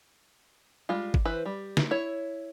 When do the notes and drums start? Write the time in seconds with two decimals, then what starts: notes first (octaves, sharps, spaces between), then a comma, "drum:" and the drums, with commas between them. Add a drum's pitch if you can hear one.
0.89 G3 G#3 F4
1.14 drum: kick
1.25 E3 B4 C5
1.45 G3
1.77 drum: snare
1.91 E4 C#5